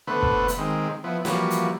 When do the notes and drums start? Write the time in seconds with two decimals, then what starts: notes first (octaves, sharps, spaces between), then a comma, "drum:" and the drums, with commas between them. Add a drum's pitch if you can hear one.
0.07 D3 A3 B3 B4 C5
0.22 drum: kick
0.48 drum: hi-hat
0.58 D#3 G#3 C4
1.04 F3 B3 E4
1.25 E3 F3 G3 A#3 F#4, drum: snare
1.50 drum: hi-hat